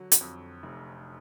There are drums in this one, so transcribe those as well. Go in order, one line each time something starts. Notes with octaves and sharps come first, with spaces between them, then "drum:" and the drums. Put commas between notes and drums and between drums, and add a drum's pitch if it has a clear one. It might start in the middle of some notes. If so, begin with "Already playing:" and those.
Already playing: D3 F#3
drum: hi-hat
F2
F1